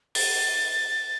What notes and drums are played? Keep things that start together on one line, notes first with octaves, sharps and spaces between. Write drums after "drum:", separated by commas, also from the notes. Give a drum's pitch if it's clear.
A6, drum: open hi-hat